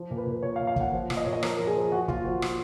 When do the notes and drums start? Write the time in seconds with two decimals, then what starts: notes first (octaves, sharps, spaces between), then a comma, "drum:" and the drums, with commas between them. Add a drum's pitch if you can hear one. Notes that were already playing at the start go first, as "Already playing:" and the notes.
Already playing: F3
0.11 A#2
0.18 B4
0.27 A#2
0.32 B4
0.43 A#2 C#5
0.56 F5
0.60 A#2
0.67 F5
0.76 A#2 F#5, drum: kick
0.93 F3
1.10 A#2, drum: rim click
1.17 D#5
1.25 A#2 C#5
1.33 D#5
1.43 F3 A#4, drum: rim click
1.57 F3 A#4
1.67 G#4
1.76 F3
1.92 F3 F#4
2.08 A#2 F4, drum: kick
2.25 F3 F#4
2.42 F3, drum: rim click